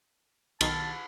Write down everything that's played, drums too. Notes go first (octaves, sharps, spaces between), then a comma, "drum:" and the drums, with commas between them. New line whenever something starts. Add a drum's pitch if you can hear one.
B1 D#3 A5 F6, drum: cymbal